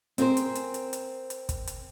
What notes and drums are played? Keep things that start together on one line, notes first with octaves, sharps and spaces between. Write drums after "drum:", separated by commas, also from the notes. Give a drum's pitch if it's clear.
C4 G#4 A#4 C5, drum: hi-hat
drum: hi-hat
drum: hi-hat
drum: hi-hat
drum: hi-hat
drum: hi-hat
drum: kick, hi-hat
drum: hi-hat